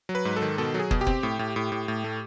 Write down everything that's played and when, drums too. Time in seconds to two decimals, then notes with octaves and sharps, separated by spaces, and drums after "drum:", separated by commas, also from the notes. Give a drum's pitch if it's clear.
0.09 F#3
0.15 B4
0.25 G#2
0.36 A4
0.42 D#3
0.58 B2 A4
0.74 F#3
0.79 G#4
0.91 B2, drum: kick
1.01 G4
1.07 C4, drum: kick
1.23 A2
1.39 A2
1.56 A2
1.72 A2
1.88 A2
2.04 A3